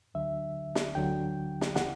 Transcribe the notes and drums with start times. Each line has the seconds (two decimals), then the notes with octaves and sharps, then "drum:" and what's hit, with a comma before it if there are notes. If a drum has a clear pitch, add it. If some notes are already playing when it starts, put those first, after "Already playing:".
0.14 D2 D3 F#3 E5
0.75 drum: snare
0.95 D2 D3 F#3 G5
1.61 drum: snare
1.75 C#3 E3 F#5, drum: snare